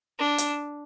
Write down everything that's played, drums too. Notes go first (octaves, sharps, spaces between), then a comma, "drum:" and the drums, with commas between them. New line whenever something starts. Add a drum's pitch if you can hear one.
D4
drum: hi-hat